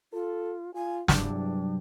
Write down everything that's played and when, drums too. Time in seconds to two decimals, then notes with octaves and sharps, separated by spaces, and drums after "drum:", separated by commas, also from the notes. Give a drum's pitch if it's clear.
0.13 F4 A4
0.74 F4 G#5
1.08 E2 G2 C3 F#3 D4, drum: snare